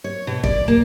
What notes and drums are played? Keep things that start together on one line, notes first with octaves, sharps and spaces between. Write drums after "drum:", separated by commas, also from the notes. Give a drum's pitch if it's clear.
C#5
B2
D5, drum: kick
A#3, drum: tom